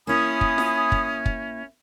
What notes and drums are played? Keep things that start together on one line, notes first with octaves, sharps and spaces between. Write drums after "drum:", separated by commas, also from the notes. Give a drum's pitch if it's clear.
A#3 C#4 E4 G#5 B5 D#6
drum: kick
drum: snare F4
drum: kick
drum: kick